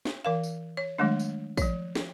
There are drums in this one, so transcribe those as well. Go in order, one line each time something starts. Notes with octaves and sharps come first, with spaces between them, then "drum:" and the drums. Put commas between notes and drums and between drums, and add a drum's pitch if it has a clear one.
drum: snare
E3 A#4 F5
drum: tambourine
C#5
D#3 F#3 G#3 A3 D4
drum: tambourine
F3 C#5, drum: kick, tambourine
drum: snare